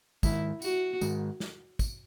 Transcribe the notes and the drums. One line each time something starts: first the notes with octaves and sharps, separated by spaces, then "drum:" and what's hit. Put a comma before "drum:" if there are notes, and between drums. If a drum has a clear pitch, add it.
G#2 D#3 G#3 E4, drum: kick, tambourine
F#4, drum: tambourine
G#2 D#3 G#3, drum: tambourine
drum: snare
drum: kick, tambourine